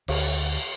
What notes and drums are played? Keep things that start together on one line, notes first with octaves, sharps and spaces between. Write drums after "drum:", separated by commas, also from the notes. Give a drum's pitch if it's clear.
D2, drum: cymbal